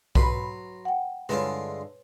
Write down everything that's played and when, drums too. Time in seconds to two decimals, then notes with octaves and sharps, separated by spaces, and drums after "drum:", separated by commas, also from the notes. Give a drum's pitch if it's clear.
0.15 F#3 B4 C6, drum: kick B1
0.85 F#5 G5
1.29 G2 D3 G#3 E4 F4 B4 C#5